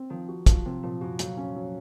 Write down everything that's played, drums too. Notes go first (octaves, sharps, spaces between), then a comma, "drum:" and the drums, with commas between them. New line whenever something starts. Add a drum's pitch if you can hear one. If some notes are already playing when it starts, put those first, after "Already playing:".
Already playing: C4
D#3 F3
F#4
F3 F#3, drum: kick, hi-hat
C3 C4
A#2 F3
F#2 F#4
F2 F#3, drum: hi-hat
C#4
F#3